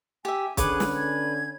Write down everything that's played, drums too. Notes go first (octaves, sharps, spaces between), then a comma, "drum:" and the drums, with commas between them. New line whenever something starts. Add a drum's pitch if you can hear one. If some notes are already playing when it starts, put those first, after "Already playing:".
G4 E5 G#5
D3 C#4 G#4 B4 C#5 D6, drum: kick, hi-hat
drum: snare
G#6